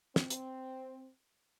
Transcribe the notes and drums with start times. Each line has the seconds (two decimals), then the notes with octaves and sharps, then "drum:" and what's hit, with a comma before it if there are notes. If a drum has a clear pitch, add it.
0.16 C4, drum: snare
0.30 drum: hi-hat